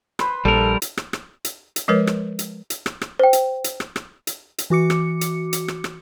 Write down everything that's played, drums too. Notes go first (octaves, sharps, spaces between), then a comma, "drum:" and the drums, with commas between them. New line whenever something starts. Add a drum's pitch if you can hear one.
B4 C5 B5, drum: rim click
A#1 G3 A4 A#4
drum: hi-hat
drum: rim click
drum: rim click
drum: hi-hat
drum: hi-hat
F3 G#3 A#4 B4 C#5
drum: rim click
drum: hi-hat
drum: hi-hat
drum: rim click
drum: rim click
C5 G5
drum: hi-hat
drum: hi-hat
drum: rim click
drum: rim click
drum: hi-hat
drum: hi-hat
E3 F#4 D6 C#7
drum: rim click
drum: hi-hat
drum: hi-hat
drum: rim click
drum: rim click